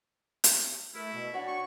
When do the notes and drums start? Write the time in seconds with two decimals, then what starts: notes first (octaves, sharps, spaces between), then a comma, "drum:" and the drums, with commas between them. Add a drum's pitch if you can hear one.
0.44 drum: hi-hat
0.95 A3 E4 A#4
1.14 B2
1.34 D4 F#4 C#5 F#5 G5
1.48 C#6